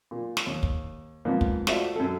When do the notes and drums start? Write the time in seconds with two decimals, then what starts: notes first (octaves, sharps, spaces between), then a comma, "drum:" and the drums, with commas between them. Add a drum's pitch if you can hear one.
0.11 A#2
0.37 drum: snare
0.47 D#2
0.63 drum: kick
1.25 F2 G#2 A#3 B3
1.41 drum: kick
1.67 A3 F4 F#4 C5 D5 E5, drum: snare
1.96 F#2 A4